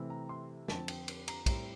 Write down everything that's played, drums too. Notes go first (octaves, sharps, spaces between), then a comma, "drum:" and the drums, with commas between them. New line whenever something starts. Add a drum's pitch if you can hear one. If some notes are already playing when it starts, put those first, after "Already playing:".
Already playing: C3 E3 A3 C4 E4
A#5
C6
F2 D3 F3 C4 A5, drum: snare
G5, drum: cymbal
drum: cymbal
A#5, drum: cymbal
A2 G3 C4 E4 A#5, drum: kick, cymbal